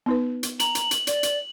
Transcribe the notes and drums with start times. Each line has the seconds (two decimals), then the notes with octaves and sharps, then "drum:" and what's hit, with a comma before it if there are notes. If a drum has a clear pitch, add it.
0.06 B3 D#4 B4
0.43 drum: hi-hat
0.60 A#5 F#7, drum: hi-hat
0.75 drum: hi-hat
0.91 drum: hi-hat
1.07 D5, drum: hi-hat
1.23 drum: hi-hat